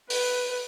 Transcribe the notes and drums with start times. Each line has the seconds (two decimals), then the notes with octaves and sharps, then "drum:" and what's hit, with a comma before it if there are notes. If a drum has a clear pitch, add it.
0.10 B4, drum: open hi-hat